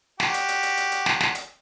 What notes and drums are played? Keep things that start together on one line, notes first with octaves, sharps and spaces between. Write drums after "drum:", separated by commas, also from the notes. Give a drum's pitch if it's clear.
F#4 G4, drum: snare
drum: hi-hat
drum: hi-hat
drum: hi-hat
drum: hi-hat
drum: hi-hat
drum: snare
drum: snare
drum: hi-hat